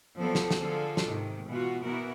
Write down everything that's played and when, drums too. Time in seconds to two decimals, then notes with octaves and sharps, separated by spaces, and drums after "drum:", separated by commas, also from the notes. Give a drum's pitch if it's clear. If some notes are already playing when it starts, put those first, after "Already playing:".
0.19 F3 F#3 B3 C4 A4 D5
0.35 drum: snare
0.51 drum: snare
0.60 D3 F3 F4 G#4 A4
0.97 drum: snare
1.06 G#2 C3 D#3
1.48 B2 E3 B3 F4 F#4
1.83 B2 E3 B3 E4 F#4 A#4